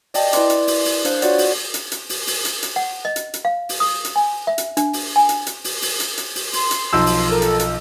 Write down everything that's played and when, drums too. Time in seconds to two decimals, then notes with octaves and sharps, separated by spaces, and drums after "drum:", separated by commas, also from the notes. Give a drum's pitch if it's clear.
0.14 D5 D#5 G5 A5, drum: open hi-hat
0.33 E4 B4 D5 C6 D6, drum: hi-hat
0.50 drum: hi-hat
0.67 drum: open hi-hat
0.85 drum: open hi-hat
1.05 D4 C5 F5 F#6, drum: hi-hat
1.22 F4 F#4 C#5 D5 F#5, drum: hi-hat
1.38 drum: open hi-hat
1.74 drum: hi-hat
1.92 drum: hi-hat
2.09 drum: open hi-hat
2.27 drum: open hi-hat
2.45 drum: hi-hat
2.63 drum: hi-hat
2.76 F#5
3.05 D#5
3.16 drum: hi-hat
3.34 drum: hi-hat
3.45 F5
3.69 drum: open hi-hat
3.80 D#6
4.05 drum: hi-hat
4.16 G#5
4.47 E5
4.58 drum: hi-hat
4.77 D4, drum: hi-hat
4.93 drum: open hi-hat
5.16 G#5
5.29 drum: hi-hat
5.47 drum: hi-hat
5.64 drum: open hi-hat
5.82 drum: open hi-hat
6.00 drum: hi-hat
6.18 drum: hi-hat
6.35 drum: open hi-hat
6.53 C6, drum: open hi-hat
6.71 drum: hi-hat
6.93 B1 F3 E6
7.06 drum: open hi-hat
7.29 A4 A#4
7.42 drum: hi-hat
7.59 drum: hi-hat